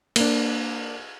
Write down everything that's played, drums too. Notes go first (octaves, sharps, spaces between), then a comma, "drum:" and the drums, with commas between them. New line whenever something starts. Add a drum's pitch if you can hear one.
A#3 D4, drum: cymbal